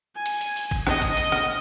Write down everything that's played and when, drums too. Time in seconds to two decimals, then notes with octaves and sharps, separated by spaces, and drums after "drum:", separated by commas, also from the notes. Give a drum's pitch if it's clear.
0.16 G#5
0.26 drum: hi-hat
0.41 drum: hi-hat
0.56 drum: open hi-hat
0.71 drum: kick
0.87 D#5, drum: rim click
1.02 drum: kick, hi-hat
1.17 drum: hi-hat
1.32 drum: rim click